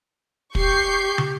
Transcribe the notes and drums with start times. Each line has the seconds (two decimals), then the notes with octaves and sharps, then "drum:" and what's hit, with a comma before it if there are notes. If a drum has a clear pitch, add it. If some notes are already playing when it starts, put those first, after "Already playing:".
0.55 G4 C#6 G6 C7, drum: kick
1.18 drum: tom